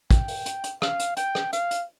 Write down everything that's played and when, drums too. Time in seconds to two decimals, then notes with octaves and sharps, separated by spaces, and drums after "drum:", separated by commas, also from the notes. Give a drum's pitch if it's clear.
0.11 G5, drum: kick, hi-hat
0.28 drum: open hi-hat
0.46 drum: hi-hat
0.64 drum: hi-hat
0.82 F5, drum: rim click
0.99 drum: hi-hat
1.17 G5, drum: hi-hat
1.35 drum: rim click
1.53 F5, drum: hi-hat
1.71 drum: hi-hat